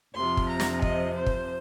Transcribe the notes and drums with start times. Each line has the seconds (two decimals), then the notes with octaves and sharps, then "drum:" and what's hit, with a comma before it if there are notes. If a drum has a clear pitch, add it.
0.15 F2 C3 F3 C6
0.37 drum: kick
0.49 A#5
0.60 drum: snare
0.82 D#5, drum: kick
1.15 C5
1.26 drum: kick